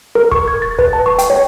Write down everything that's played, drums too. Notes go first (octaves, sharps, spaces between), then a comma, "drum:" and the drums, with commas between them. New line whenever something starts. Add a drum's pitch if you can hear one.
A#4
C#6, drum: kick
G#6
A6
B4, drum: kick
A5
C#6
G5, drum: hi-hat
C#5